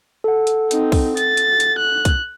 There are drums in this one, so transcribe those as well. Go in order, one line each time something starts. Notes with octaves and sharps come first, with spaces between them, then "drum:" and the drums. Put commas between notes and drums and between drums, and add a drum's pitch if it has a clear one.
A4 F#5
drum: hi-hat
C4 D#4, drum: hi-hat
drum: kick, open hi-hat
A6, drum: hi-hat
drum: hi-hat
drum: hi-hat
F#6
drum: kick, hi-hat